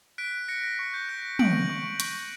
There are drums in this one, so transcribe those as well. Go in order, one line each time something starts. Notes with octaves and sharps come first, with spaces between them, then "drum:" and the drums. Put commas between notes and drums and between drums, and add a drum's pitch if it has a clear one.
F#6 B6 D7
F#6 A#6 C#7
A#6
C#6 A#6
G6
F#6 A#6
C#6 D7 F#7, drum: tom
C#6
C#6, drum: hi-hat